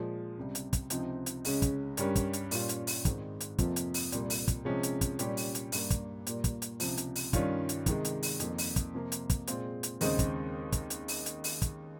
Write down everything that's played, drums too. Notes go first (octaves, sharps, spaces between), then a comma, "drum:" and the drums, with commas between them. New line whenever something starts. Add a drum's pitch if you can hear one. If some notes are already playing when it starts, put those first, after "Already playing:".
Already playing: A#2 F3 G#3
C#2 C3 G3
drum: hi-hat
drum: kick, hi-hat
C#2 C3 F3 C4 D#4, drum: hi-hat
drum: hi-hat
C#2 C#3 G#3 C#4, drum: open hi-hat
drum: kick, hi-hat
G2 G3 C#4 G4 A#4, drum: hi-hat
drum: kick, hi-hat
drum: hi-hat
A#2 G3 C#4 F4, drum: open hi-hat
drum: hi-hat
drum: open hi-hat
G#2 D#3 G#3 C4, drum: kick, hi-hat
drum: hi-hat
F2 C3 F3 A#3 F4, drum: kick, hi-hat
drum: hi-hat
drum: open hi-hat
C2 A#2 G3, drum: hi-hat
drum: open hi-hat
drum: kick, hi-hat
C3 F3 G#3 C#4
drum: hi-hat
drum: kick, hi-hat
A#2 G3 C#4 G4, drum: hi-hat
drum: open hi-hat
drum: hi-hat
G2 G3 A#3, drum: open hi-hat
drum: kick, hi-hat
A#2 G3 A#3, drum: hi-hat
drum: kick, hi-hat
drum: hi-hat
C#2 C3 F3, drum: open hi-hat
drum: hi-hat
drum: open hi-hat
G2 D#3 G3 C#4 F4, drum: kick, hi-hat
drum: hi-hat
C3 D#3 G#3, drum: kick, hi-hat
drum: hi-hat
drum: open hi-hat
F2 D#3 A#3, drum: hi-hat
drum: open hi-hat
drum: kick, hi-hat
C3 F3 A#3 F4
drum: hi-hat
drum: kick, hi-hat
A#2 G#3 C4 F4 G#4, drum: hi-hat
drum: hi-hat
D#2 C#3 G#3 C4 D#4, drum: open hi-hat
drum: kick, hi-hat
drum: kick, hi-hat
drum: hi-hat
drum: open hi-hat
drum: hi-hat
drum: open hi-hat
drum: kick, hi-hat